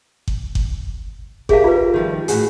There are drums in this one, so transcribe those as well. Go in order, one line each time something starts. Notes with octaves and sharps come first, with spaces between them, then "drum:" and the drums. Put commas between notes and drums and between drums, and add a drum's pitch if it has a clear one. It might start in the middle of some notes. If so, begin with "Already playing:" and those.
drum: kick G1
drum: kick G1
G4 G#4 A#4 E5 F5, drum: kick G1
F4 B4
D#3 F3 G3
A2 F#4 G#4, drum: hi-hat